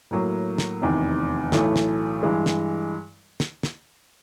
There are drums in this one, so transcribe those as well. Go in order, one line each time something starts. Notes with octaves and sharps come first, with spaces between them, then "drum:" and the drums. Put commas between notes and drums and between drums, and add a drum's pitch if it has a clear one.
A2 F#3 A#3
drum: snare
F1 E2 C3 D#3
B1 A2 E3 A3, drum: snare
drum: snare
G2 E3 G#3
drum: snare
drum: snare
drum: snare